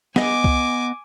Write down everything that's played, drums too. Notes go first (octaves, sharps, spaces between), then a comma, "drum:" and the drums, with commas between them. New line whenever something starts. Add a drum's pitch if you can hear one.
B3 D#5 G#5 D6, drum: snare
drum: kick C2